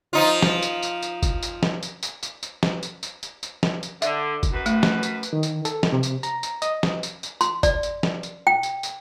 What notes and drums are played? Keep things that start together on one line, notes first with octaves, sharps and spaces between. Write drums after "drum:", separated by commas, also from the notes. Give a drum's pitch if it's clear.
F3 D#4 F4
drum: snare
drum: tambourine
drum: tambourine
drum: tambourine
drum: kick, tambourine
drum: tambourine
drum: snare
drum: tambourine
drum: tambourine
drum: tambourine
drum: tambourine
drum: snare
drum: tambourine
drum: tambourine
drum: tambourine
drum: tambourine
drum: snare
drum: tambourine
D3 E5, drum: tambourine
drum: kick, tambourine
F#2 B4
A3, drum: tambourine
drum: snare
drum: tambourine
drum: tambourine
D#3
drum: tambourine
A4, drum: tambourine
drum: snare
C3
drum: tambourine
A#5, drum: tambourine
drum: tambourine
D#5, drum: tambourine
drum: snare
drum: tambourine
drum: tambourine
C6, drum: tambourine
D5, drum: kick, tambourine
drum: tambourine
drum: snare
drum: tambourine
G5
drum: tambourine
drum: tambourine